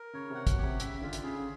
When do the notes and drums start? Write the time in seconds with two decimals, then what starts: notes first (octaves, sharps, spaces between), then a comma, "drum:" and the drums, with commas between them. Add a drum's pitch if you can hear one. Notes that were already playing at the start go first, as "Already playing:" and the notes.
Already playing: A#4
0.13 C#3 C#5
0.30 C3
0.35 F#5
0.47 B2, drum: kick, hi-hat
0.58 C3 G4
0.80 C#3 E5, drum: hi-hat
1.01 D3 F4
1.13 drum: hi-hat
1.23 C#3 G#4